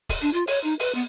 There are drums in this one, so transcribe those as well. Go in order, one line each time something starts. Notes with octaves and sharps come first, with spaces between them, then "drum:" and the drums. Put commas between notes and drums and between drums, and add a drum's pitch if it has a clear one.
drum: kick, open hi-hat
D4
F4
C#5, drum: open hi-hat
D#4
B4, drum: open hi-hat
B3